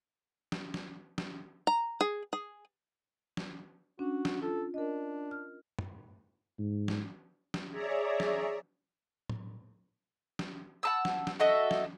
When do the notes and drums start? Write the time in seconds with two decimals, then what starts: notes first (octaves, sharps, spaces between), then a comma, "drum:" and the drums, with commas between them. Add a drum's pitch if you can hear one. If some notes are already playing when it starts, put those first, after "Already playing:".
0.52 drum: snare
0.74 drum: snare
1.18 drum: snare
1.67 A#5
2.01 G#4
2.33 G#4
3.37 drum: snare
3.99 C#4 D4 F#4
4.25 drum: snare
4.42 F4 A4
4.74 D4 A#4 D#5
5.31 F6
5.79 drum: tom F#2
6.59 G#2
6.88 drum: snare
7.54 drum: snare
7.71 G#4 C#5 D5 E5 A#5
8.20 drum: snare
9.30 drum: tom
10.39 drum: snare
10.83 F#5 A5 E6
11.05 drum: snare
11.27 drum: snare
11.40 F#4 A4 D#5 E5
11.71 drum: snare